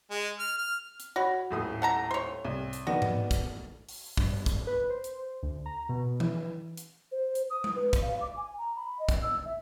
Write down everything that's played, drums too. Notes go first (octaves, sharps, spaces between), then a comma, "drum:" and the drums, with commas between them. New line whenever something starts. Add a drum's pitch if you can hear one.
G#3
F6
F6
drum: hi-hat
F#4 C#5 B5
D#1 A2 D#6
F#5 A5 A#5
C5 C#5
C2
drum: hi-hat
D#3 B3 D4 F#4
drum: tom G#2
drum: kick, hi-hat
drum: open hi-hat
G2, drum: kick
drum: kick, hi-hat
B4
C5
drum: hi-hat
D2
A#5
B2
E3, drum: tom E3
drum: hi-hat
C5
drum: hi-hat
D#6
drum: tom G#3
B4
drum: kick, hi-hat
F5
D6
G#5
A#5
B5
D#5
drum: kick, hi-hat
E6
E5